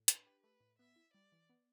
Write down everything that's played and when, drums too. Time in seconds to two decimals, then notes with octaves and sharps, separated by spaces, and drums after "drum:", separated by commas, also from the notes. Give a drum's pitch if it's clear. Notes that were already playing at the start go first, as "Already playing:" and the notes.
Already playing: A2
0.08 D4 B4, drum: hi-hat
0.26 G4
0.43 A3 B4
0.60 A2
0.79 B3 E5
0.96 E4
1.14 G3 D5
1.32 E3
1.49 B3